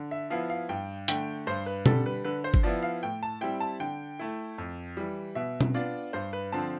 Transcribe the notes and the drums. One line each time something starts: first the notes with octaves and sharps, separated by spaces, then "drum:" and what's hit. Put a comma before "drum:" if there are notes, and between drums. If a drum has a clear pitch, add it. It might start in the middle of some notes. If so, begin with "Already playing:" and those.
Already playing: D3
E5
F3 B3 E4 F5
F5
G2 G5
D3 A3 G5, drum: hi-hat
G2 C5
B4
D3 G3 A4, drum: tom B2
B4
D3 B4
C5
drum: kick G1
F3 B3 E4 D5
F5
A2 G5
A5
G3 C4 E4 G5
A5
D3 G5
A3 E4
F2
E3 G3
B2 E5
drum: tom B2
B3 D4 F4 D5
G2 C5
B4
D3 F3 C4 A5